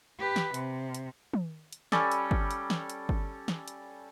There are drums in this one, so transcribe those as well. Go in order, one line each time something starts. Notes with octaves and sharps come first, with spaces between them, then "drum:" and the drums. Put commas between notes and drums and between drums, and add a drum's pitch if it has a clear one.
G4 B4
drum: snare
C3, drum: hi-hat
drum: hi-hat
drum: tom
drum: hi-hat
G3 C#4 A4, drum: snare
drum: hi-hat
drum: kick G1
drum: hi-hat
drum: snare
drum: hi-hat
drum: kick G1
drum: snare
drum: hi-hat